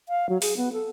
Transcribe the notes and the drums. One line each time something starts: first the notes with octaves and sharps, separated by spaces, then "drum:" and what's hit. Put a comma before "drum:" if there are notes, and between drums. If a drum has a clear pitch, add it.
F5
F#3
G#4, drum: open hi-hat
B3
A4